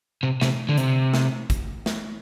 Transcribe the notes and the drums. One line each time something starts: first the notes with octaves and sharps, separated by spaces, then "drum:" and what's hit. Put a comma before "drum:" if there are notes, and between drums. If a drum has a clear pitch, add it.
C3
C3, drum: snare
D3
C3, drum: hi-hat
drum: snare
drum: kick, hi-hat
drum: snare